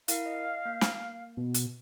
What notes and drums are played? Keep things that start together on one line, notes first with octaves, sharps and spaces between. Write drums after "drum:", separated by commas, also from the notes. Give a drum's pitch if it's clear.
E4 A#4 F5 F#5, drum: hi-hat
D#5
A#3
drum: snare
B2
drum: hi-hat